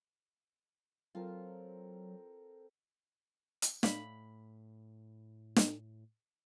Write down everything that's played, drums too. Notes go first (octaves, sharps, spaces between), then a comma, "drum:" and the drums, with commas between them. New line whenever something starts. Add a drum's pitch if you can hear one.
F#3 C4 F4 A4 A#4
drum: hi-hat
A2 D5 E5 F5 B5, drum: snare
drum: snare